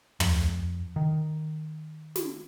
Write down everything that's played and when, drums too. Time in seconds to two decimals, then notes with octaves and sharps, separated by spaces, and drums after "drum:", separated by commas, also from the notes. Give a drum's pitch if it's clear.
0.20 F2, drum: tom
0.96 D#3
2.16 drum: snare